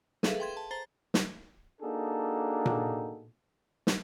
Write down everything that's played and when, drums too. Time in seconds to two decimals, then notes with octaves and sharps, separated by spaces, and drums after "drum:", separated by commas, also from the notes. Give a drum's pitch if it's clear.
0.23 G#4 A4 B4 E5 F5, drum: snare
0.40 G5 C6 G#6
0.57 A5
0.71 C5 A#5 A6
1.14 drum: snare
1.81 A#3 D4 D#4 F#4 G#4 A4
2.66 drum: tom A#2
3.87 drum: snare